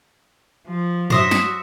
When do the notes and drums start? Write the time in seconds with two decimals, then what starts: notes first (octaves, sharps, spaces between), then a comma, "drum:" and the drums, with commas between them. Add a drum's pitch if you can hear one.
0.67 F3
1.10 F#3 F#4 C5 D#5 E5, drum: tom G2
1.31 drum: snare